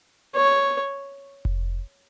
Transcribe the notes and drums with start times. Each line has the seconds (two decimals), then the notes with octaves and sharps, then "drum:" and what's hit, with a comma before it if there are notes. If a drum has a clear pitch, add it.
0.36 C#5
1.45 drum: kick F1